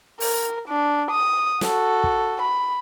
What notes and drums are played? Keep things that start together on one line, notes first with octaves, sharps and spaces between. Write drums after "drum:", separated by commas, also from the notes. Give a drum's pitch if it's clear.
A#4, drum: open hi-hat
D4
D#6
F#4 A4, drum: snare
drum: kick
B5